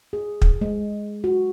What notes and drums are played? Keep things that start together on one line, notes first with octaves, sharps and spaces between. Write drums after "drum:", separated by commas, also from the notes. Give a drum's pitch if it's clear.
G#4
drum: kick
G#3
F#4